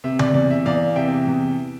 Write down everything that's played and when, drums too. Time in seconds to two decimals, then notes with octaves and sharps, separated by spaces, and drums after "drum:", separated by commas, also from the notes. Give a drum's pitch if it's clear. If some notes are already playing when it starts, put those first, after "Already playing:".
0.04 C3 E5
0.19 D5, drum: tom C#3
0.34 E2 D5
0.50 E5
0.66 E2 D5 F5
0.96 C3 E5 G5
1.27 E2